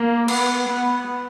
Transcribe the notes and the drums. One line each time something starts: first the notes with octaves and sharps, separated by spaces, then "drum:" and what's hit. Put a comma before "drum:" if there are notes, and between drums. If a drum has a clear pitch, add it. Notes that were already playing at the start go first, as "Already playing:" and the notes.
Already playing: A#3
B3, drum: cymbal
B3